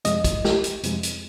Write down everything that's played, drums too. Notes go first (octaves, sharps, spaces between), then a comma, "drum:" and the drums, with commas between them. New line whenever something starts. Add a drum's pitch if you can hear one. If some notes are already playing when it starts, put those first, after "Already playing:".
F2 C3 F3 G#3 D#5, drum: hi-hat
drum: kick, hi-hat
G4, drum: snare
drum: hi-hat
F2 C3 F3 G#3, drum: hi-hat
drum: hi-hat